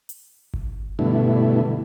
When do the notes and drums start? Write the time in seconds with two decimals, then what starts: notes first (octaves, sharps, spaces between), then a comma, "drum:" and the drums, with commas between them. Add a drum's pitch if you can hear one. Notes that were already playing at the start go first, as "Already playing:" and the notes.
0.09 drum: hi-hat
0.54 drum: kick G1
0.99 G2 B2 D3 A3 E4